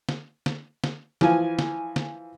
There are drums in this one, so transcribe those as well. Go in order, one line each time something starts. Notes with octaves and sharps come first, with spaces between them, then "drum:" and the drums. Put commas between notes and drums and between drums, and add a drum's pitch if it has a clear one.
drum: snare
drum: snare
drum: snare
E3 F3 G#5, drum: snare
drum: snare
drum: snare